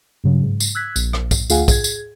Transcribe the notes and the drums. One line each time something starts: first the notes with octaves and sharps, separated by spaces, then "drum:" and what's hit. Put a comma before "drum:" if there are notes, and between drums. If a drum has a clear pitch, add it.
G2 C#3 F#3
G#2
drum: tambourine
E6 F#6 G#6 B6
A#1, drum: tambourine
drum: rim click
drum: kick, tambourine
D2 F4 G#4 F5 F#5 G#5, drum: tambourine
G#4 G#6, drum: kick, tambourine
drum: tambourine